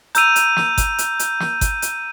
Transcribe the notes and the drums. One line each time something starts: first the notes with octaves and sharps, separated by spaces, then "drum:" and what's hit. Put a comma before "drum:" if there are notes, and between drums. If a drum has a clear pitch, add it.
A#5 E6 G6 D#7 F7, drum: hi-hat
drum: hi-hat
drum: snare
drum: kick G1, hi-hat
drum: hi-hat
drum: hi-hat
drum: snare
drum: kick G1, hi-hat
drum: hi-hat